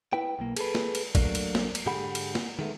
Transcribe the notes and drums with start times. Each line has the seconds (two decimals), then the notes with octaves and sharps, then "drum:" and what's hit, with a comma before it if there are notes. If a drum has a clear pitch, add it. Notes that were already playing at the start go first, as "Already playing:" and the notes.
0.13 E4 B4 G5
0.39 B1 A#3
0.57 G#4 A4 B4, drum: cymbal
0.75 drum: snare
0.95 drum: cymbal
1.15 F#3 A3 A#3 D4, drum: kick, cymbal
1.35 drum: cymbal
1.55 drum: snare
1.75 drum: cymbal
1.86 G#2 D3 G4 G#4 F#5 B5
2.15 drum: cymbal
2.35 drum: snare
2.59 D#3 G#3 A3 B3